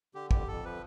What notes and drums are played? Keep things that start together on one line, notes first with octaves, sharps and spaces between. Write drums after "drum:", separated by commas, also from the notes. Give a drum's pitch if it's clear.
D3 G4
F2 G4, drum: kick
F2 A4
F3 B4